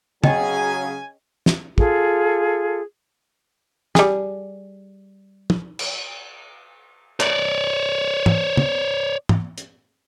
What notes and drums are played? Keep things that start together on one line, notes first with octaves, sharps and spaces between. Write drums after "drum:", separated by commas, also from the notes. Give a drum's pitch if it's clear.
C#3 F#3 C#4 G#4 D#5 G5 G#5, drum: tom
drum: snare
F4 G#4 A4, drum: kick
G3 G#4, drum: snare
drum: tom
drum: cymbal
C#5 D5, drum: clap
drum: tom
drum: tom
drum: tom
drum: hi-hat